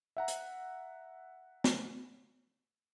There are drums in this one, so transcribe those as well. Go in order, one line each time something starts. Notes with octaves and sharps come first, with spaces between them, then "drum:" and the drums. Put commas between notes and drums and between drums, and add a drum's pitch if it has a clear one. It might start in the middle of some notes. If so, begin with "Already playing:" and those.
E5 F#5 A#5
drum: hi-hat
drum: snare